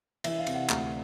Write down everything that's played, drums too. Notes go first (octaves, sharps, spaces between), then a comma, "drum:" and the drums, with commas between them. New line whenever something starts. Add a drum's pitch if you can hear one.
E3 E5, drum: cymbal
F5
C3, drum: cymbal
F#5
D2, drum: clap